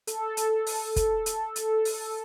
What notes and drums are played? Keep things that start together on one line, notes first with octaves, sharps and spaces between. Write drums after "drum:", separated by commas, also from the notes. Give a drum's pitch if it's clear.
A4, drum: hi-hat
drum: hi-hat
drum: open hi-hat
drum: kick, hi-hat
drum: hi-hat
drum: hi-hat
drum: open hi-hat